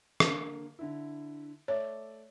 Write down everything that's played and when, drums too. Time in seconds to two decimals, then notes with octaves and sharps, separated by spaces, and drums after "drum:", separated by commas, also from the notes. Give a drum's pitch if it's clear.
0.20 D3 A#3 F5, drum: rim click
0.79 D3 E4
1.68 A3 C#5 D5 E5